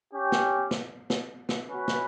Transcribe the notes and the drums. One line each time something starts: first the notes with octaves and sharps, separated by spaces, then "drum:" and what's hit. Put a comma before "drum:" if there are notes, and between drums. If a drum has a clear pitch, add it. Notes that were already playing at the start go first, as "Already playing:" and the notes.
C#4 G4
drum: snare
drum: snare
drum: snare
drum: snare
C#4 F#4 B4
drum: snare